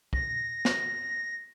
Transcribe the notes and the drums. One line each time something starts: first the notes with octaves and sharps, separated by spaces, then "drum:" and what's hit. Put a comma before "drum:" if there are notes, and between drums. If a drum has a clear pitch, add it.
A#6, drum: kick
drum: snare